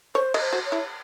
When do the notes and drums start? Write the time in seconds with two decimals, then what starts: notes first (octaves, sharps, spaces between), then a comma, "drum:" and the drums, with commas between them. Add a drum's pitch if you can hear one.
0.15 C5 C#5
0.34 D#5, drum: cymbal
0.41 C5
0.53 F#4
0.66 C#5
0.72 E4